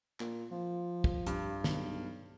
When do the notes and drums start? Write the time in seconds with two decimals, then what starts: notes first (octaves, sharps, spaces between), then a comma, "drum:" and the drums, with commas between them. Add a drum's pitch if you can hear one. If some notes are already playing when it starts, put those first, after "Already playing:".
0.20 A#2, drum: clap
0.51 F3
1.04 drum: kick
1.27 G2, drum: hi-hat
1.64 B1, drum: snare